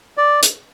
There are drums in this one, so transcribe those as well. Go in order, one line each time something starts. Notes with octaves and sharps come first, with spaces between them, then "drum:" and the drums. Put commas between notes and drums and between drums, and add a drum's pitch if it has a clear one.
D5
drum: hi-hat